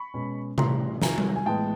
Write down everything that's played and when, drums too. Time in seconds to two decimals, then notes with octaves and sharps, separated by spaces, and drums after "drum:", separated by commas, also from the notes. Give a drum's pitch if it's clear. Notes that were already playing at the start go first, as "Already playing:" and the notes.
Already playing: B5 C#6
0.14 B2 G#3 C#4
0.58 A2 E3 G3 A#5 C6, drum: tom C3
1.02 C3 D#3 F#3 G#5 A#5, drum: snare
1.18 drum: tom G3
1.36 G#5
1.46 A2 E3 G#3 B3 G5 A5